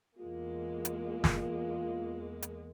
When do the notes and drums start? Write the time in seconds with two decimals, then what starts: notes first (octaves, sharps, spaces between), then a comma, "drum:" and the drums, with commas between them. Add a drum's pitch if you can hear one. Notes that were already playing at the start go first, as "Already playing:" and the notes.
0.18 E2 G#3 A#3 F4
0.85 drum: hi-hat
1.24 drum: snare
2.42 drum: hi-hat